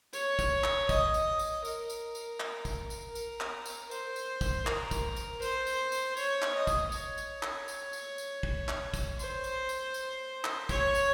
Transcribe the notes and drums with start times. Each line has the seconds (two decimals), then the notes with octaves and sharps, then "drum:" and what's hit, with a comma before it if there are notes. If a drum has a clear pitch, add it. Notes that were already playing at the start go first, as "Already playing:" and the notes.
0.13 C#5, drum: tambourine
0.39 drum: kick, tambourine
0.64 drum: clap
0.89 D#5, drum: kick, tambourine
1.14 drum: tambourine
1.39 drum: tambourine
1.65 A#4, drum: tambourine
1.90 drum: tambourine
2.15 drum: tambourine
2.40 drum: clap
2.65 drum: kick, tambourine
2.90 drum: tambourine
3.15 A#4, drum: tambourine
3.40 drum: clap
3.66 drum: tambourine
3.91 C5, drum: tambourine
4.16 drum: tambourine
4.41 drum: kick, tambourine
4.67 A#4, drum: clap
4.91 drum: kick, tambourine
5.16 drum: tambourine
5.42 C5, drum: tambourine
5.67 drum: tambourine
5.92 drum: tambourine
6.17 C#5, drum: tambourine
6.42 drum: clap
6.55 D#5
6.67 drum: kick, tambourine
6.92 C#5, drum: tambourine
7.18 drum: tambourine
7.43 drum: clap
7.68 drum: tambourine
7.93 drum: tambourine
8.18 drum: tambourine
8.43 drum: kick
8.68 drum: clap
8.94 drum: kick, tambourine
9.19 C5, drum: tambourine
9.44 drum: tambourine
9.69 drum: tambourine
9.94 drum: tambourine
10.44 drum: clap
10.69 C#5, drum: kick, tambourine
10.95 drum: tambourine